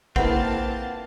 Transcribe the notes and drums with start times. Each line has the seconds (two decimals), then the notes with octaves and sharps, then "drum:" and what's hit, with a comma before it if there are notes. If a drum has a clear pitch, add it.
0.16 A#3 C4 E4 F4 B4 F5 F#5 A5, drum: kick A#1